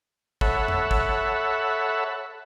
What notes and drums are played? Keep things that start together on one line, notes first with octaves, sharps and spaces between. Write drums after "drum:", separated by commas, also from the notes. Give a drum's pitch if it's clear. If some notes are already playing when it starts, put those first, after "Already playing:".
A4 C#5 E5 F#5 B5, drum: kick
drum: tom F2
drum: kick